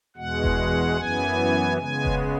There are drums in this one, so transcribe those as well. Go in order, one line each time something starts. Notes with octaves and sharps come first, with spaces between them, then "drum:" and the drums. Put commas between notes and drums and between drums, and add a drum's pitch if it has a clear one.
E2 B2 G#3 F#5
drum: kick F1
F#2 E3 B3 G#5
C#3 G#3 B3 G#5
drum: kick F1